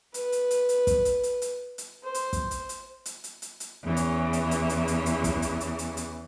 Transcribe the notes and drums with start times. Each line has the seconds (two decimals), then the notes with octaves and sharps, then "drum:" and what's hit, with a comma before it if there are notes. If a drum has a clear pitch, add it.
0.14 B4, drum: hi-hat
0.32 drum: hi-hat
0.51 drum: hi-hat
0.69 drum: hi-hat
0.87 drum: kick, hi-hat
1.05 drum: hi-hat
1.23 drum: hi-hat
1.42 drum: hi-hat
1.78 drum: hi-hat
2.03 C5
2.14 drum: hi-hat
2.33 drum: kick, hi-hat
2.51 drum: hi-hat
2.69 drum: hi-hat
3.06 drum: hi-hat
3.24 drum: hi-hat
3.42 drum: hi-hat
3.60 drum: hi-hat
3.84 E2 C#3 E3
3.97 drum: hi-hat
4.33 drum: hi-hat
4.51 drum: hi-hat
4.69 drum: hi-hat
4.88 drum: hi-hat
5.06 drum: hi-hat
5.24 drum: kick, hi-hat
5.42 drum: hi-hat
5.60 drum: hi-hat
5.79 drum: hi-hat
5.97 drum: hi-hat